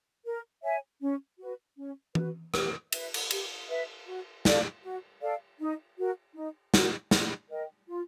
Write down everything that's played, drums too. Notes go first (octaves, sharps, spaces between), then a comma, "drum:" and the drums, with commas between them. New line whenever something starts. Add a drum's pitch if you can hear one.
A#4
C#5 E5 G#5
C#4
F#4 B4
C#4
F#4 B4, drum: tom E3
G4, drum: rim click
B4 E5, drum: cymbal
drum: cymbal
G4, drum: cymbal
B4 E5
F#4
A4 D5 F5, drum: snare
F#4
A4 D5 F5
D#4
F#4 A#4
D#4
F#4 A#4, drum: snare
F4, drum: snare
A#4 D#5 G5
F4